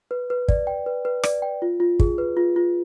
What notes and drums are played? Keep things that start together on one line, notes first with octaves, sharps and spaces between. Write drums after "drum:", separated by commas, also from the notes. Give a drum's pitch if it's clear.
B4
B4
D5, drum: kick
G5
B4
B4
D5, drum: rim click
G5
F4
F4
G#4, drum: kick
B4
F4
F4